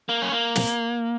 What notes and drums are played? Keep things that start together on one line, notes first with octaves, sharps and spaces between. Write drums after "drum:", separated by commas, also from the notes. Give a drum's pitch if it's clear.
A#3
C#4
A#3
drum: snare